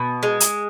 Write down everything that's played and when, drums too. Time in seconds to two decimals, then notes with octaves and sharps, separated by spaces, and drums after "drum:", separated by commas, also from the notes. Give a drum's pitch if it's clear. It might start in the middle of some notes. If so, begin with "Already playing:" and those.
Already playing: B2
0.23 G#3
0.40 drum: hi-hat